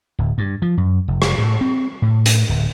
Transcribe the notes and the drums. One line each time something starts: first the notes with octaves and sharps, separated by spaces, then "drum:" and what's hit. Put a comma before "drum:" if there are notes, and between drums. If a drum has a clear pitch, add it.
D1
G2
F3
F#2
F1
drum: rim click
A2
C4
A2
drum: hi-hat
D1